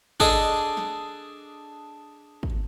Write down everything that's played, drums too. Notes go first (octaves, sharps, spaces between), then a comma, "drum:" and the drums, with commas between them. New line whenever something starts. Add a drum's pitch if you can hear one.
D4 G#4 A4 D5 D#5, drum: kick
drum: snare
drum: kick